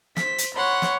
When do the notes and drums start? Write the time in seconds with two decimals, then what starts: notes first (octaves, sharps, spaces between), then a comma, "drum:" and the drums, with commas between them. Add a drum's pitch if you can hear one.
0.17 C5 B6, drum: snare
0.38 drum: hi-hat
0.54 C#5 F#5 B5 C6
0.82 drum: snare